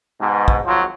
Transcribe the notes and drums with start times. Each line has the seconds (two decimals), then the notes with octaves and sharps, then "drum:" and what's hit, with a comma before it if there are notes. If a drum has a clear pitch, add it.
0.21 G#2 B2
0.48 drum: kick
0.65 G#1 F3 F#3 C5